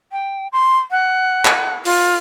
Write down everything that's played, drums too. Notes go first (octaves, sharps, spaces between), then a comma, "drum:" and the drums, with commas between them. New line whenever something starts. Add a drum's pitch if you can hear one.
G5
C6
F#5
drum: clap
F4, drum: open hi-hat